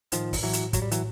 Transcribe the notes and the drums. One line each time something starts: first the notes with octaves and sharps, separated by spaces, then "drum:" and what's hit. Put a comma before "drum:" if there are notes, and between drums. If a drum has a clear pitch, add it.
A2 D#3 F3, drum: hi-hat
drum: kick, open hi-hat
A2 E3 F#3
drum: hi-hat
A2 F#3, drum: kick, hi-hat
G3
E3 F#3, drum: hi-hat